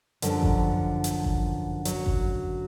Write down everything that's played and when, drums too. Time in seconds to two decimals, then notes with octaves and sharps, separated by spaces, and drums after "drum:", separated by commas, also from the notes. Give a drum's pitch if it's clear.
0.22 F#2 D3 F3 G3, drum: hi-hat
0.43 drum: kick G1
1.04 drum: hi-hat
1.24 drum: kick G1
1.85 F#3, drum: hi-hat
2.06 drum: kick G1